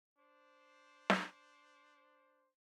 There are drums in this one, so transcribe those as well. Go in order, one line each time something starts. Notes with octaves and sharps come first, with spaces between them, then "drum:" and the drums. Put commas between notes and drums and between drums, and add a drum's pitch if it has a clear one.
D4 C5
drum: snare